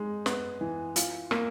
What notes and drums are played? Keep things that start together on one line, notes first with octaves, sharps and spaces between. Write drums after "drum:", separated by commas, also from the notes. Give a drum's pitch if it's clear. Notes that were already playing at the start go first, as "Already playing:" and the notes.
Already playing: G#3 D#4
B3, drum: snare
E3
F4, drum: hi-hat
A#3, drum: rim click